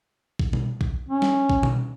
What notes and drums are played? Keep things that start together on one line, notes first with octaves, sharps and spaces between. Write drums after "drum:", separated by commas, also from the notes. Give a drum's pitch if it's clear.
drum: kick A#1
drum: tom B2
drum: kick A#1
C#4
drum: snare
drum: kick A#1
drum: tom B2